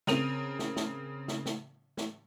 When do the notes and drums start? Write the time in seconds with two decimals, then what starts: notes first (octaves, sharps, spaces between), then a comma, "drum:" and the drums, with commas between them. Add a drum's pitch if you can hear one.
0.07 C#3 C4 A#4 D#7 F7, drum: snare
0.59 drum: snare
0.76 drum: snare
1.28 drum: snare
1.46 drum: snare
1.97 drum: snare